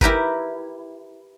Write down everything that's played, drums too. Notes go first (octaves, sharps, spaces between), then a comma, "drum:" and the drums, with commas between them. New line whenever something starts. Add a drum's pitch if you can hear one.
E4 G4 A#4 B4, drum: kick G1